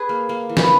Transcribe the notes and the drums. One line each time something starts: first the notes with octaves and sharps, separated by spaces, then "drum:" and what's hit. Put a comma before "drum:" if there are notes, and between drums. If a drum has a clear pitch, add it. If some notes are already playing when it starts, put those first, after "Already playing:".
Already playing: G#4 B4
A#3
A#3
E3
B4, drum: snare